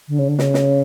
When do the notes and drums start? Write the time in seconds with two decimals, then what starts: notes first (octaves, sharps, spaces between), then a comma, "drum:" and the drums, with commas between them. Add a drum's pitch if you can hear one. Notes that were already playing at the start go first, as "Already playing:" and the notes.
0.08 D3
0.19 C#3
0.29 D3
0.39 C#3, drum: snare
0.54 drum: snare